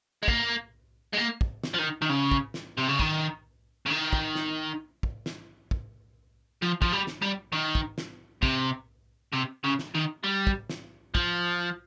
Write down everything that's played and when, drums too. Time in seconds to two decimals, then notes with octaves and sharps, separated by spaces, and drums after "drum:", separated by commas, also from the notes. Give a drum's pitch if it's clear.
0.23 G#3
0.28 A#3, drum: kick
1.14 G#3
1.18 A#3
1.41 drum: kick
1.64 drum: snare
1.74 F3
1.79 D#3
2.02 D#3
2.09 C#3
2.31 drum: kick
2.54 drum: snare
2.78 C3
2.89 C#3
3.00 D#3, drum: kick
3.86 C#3
3.90 D#3
4.13 drum: kick
4.35 drum: snare
5.03 drum: kick
5.26 drum: snare
5.71 drum: kick
6.62 F3
6.82 F3, drum: kick
6.93 G3
7.07 drum: snare
7.22 G3
7.53 D#3
7.75 drum: kick
7.98 drum: snare
8.43 C3, drum: kick
9.33 C3
9.64 C#3
9.79 drum: snare
9.95 D#3
10.24 G3
10.47 drum: kick
10.69 drum: snare
11.15 F3, drum: kick